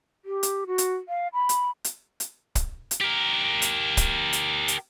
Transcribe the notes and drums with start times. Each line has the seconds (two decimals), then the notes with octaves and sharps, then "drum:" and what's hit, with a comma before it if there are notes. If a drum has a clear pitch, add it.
0.25 G4
0.43 drum: hi-hat
0.67 F#4
0.78 drum: hi-hat
1.09 F5
1.34 B5
1.49 drum: hi-hat
1.84 drum: hi-hat
2.20 drum: hi-hat
2.55 drum: kick, hi-hat
2.91 drum: hi-hat
3.01 G4 A#4
3.62 drum: hi-hat
3.97 drum: kick, hi-hat
4.33 drum: hi-hat
4.68 drum: hi-hat